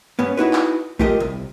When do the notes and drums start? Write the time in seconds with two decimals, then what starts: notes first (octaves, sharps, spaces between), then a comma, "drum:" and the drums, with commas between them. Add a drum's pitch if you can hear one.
0.19 G2 B3 C#4
0.37 D#4 E4 F#4 B4
0.53 drum: clap
0.99 A3 F4 G4 A#4 D#5, drum: kick A1
1.20 C2